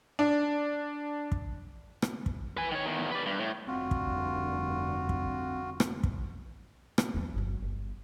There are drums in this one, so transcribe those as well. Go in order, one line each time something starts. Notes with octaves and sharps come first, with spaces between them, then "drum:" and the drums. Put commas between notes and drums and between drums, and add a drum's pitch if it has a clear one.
D4
drum: kick
drum: rim click
drum: kick
B4 G#5
D#3 C#5
E2 D#3
B4 D5
G2
A2
F1 G2 D3 C4 F4 F#4
drum: kick
drum: kick
drum: rim click
drum: kick
drum: rim click
E2 F3
G1 F#3
G1